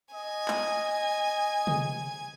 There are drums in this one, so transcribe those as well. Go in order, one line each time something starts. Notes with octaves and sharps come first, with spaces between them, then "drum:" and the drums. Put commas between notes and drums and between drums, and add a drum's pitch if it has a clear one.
D#5 G#5
drum: clap
drum: tom C3